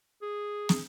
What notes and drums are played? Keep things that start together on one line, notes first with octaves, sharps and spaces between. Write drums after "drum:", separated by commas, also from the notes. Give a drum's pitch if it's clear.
G#4
drum: snare